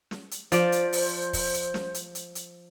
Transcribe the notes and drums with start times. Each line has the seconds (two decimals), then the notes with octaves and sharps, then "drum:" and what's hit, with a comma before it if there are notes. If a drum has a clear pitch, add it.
0.11 drum: snare
0.31 drum: hi-hat
0.52 F3 C5 D5, drum: hi-hat
0.72 drum: hi-hat
0.93 drum: open hi-hat
1.33 drum: kick, open hi-hat
1.54 drum: hi-hat
1.74 drum: snare
1.94 drum: hi-hat
2.15 drum: hi-hat
2.35 drum: hi-hat